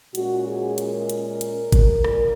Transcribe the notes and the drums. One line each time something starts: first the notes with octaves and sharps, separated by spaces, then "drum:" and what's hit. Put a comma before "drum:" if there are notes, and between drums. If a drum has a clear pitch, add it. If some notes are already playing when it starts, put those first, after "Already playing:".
A#2 G#3 C#4 F#4, drum: hi-hat
G#4
A#4, drum: hi-hat
drum: hi-hat
drum: hi-hat
drum: kick G1, hi-hat
A#2, drum: rim click